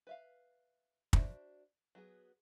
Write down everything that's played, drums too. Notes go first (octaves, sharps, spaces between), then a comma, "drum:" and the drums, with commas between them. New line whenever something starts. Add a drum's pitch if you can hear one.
B4 E5 F5
D4 F#4 C5 E5, drum: kick
F#3 B3 G#4